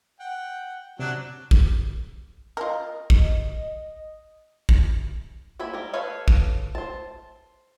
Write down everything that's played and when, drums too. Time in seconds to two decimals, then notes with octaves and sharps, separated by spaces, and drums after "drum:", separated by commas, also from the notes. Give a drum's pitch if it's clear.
0.20 F#5 G5
0.99 C3 F#3 D4 F#6
1.51 drum: kick
2.57 F4 A#4 D#5
3.10 drum: kick
4.69 drum: kick
5.59 F3 A#3 E5 G#5 B5
5.74 G3 A#4
5.93 A4 B4 C#5 F5
6.28 drum: kick
6.75 C5 A5